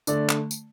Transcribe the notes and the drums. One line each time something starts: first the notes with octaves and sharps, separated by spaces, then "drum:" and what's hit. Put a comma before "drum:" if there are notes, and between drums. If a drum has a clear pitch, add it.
D3 A3 D5, drum: tambourine
drum: clap
drum: tambourine